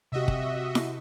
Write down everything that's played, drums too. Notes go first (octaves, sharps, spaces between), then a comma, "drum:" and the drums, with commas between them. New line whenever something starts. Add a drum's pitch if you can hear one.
C3 F#4 G4 D#5 E5
drum: kick
drum: snare E4